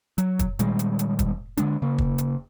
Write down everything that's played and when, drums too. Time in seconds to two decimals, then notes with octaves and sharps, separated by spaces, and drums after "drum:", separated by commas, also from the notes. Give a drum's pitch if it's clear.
0.18 F#3, drum: hi-hat
0.39 drum: kick, hi-hat
0.59 A#2 D#3 G3 G#3, drum: hi-hat
0.79 drum: hi-hat
0.99 drum: hi-hat
1.19 drum: kick, hi-hat
1.57 D3 E3 G#3 D4, drum: hi-hat
1.82 C#3 A#3
1.98 drum: kick
2.18 drum: hi-hat